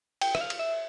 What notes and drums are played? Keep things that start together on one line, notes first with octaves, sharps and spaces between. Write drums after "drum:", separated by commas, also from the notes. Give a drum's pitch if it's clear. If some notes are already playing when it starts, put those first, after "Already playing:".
G5, drum: cymbal
E5, drum: rim click
F5
drum: cymbal
E5